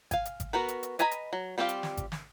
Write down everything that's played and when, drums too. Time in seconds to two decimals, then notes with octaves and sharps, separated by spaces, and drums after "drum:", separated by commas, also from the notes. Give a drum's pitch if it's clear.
0.11 F5 G#5, drum: kick G#1, hi-hat
0.25 drum: hi-hat
0.40 drum: kick G#1, hi-hat
0.53 B3 F#4 A#4 B4
0.68 drum: hi-hat
0.83 drum: hi-hat
0.99 B4 D#5 G#5 A#5 B5, drum: hi-hat
1.11 drum: hi-hat
1.33 F#3
1.58 G3 C4 F4 G4 F5
1.69 drum: hi-hat
1.83 drum: snare
1.97 drum: kick G#1, hi-hat
2.12 drum: snare